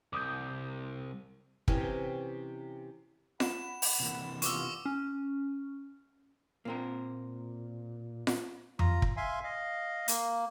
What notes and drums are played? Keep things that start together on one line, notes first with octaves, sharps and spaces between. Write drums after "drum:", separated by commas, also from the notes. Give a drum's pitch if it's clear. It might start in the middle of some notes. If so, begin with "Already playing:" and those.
C2 D6 D#6 G6
C3 E3 C#4 D#5, drum: kick
F#5 B5 E7, drum: snare F4
drum: open hi-hat
C3 E3 A#3
G2 B3 F4 C#6 D6 E6, drum: hi-hat
C#4
A#2 A#3 C4 A#4
drum: snare F4
F4 A#5, drum: tom F2
drum: kick
E5 F5 G#5 C6
D#5 F5
A#3, drum: hi-hat